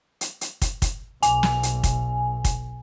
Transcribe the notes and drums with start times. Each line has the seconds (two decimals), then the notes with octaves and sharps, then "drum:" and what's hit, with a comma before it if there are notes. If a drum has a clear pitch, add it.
0.21 drum: hi-hat
0.41 drum: hi-hat
0.62 drum: kick, hi-hat
0.82 drum: kick, hi-hat
1.23 B1 G#5, drum: hi-hat
1.43 drum: snare
1.63 drum: hi-hat
1.84 drum: kick, hi-hat
2.45 drum: kick, hi-hat